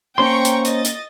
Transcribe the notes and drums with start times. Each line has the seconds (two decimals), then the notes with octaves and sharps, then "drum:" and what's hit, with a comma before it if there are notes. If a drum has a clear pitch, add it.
0.18 A#3 C#4 C5 G5 A#5 C6 C#6
0.45 drum: hi-hat
0.65 D#5 A6, drum: hi-hat
0.85 drum: hi-hat